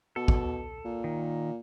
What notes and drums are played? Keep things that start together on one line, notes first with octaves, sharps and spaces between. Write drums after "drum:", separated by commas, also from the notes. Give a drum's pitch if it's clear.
B2 A4
drum: kick
A#2
D#3